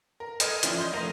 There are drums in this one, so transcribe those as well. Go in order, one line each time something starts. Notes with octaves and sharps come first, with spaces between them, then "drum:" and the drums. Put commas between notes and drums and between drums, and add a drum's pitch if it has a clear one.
A#4
A4 B4 D#5 F6 G#6 D#7, drum: hi-hat
E3 F3 C#4 E4 D5 F6, drum: hi-hat
D#5 C6 G6
F1 A3 A#4 A#6 D#7 F7